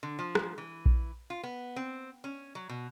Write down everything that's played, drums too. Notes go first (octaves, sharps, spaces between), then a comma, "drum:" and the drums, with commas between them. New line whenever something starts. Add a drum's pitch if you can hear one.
D3
F3
drum: rim click
E3
drum: kick A#1
F4
B3
C4
C#4
F#3
B2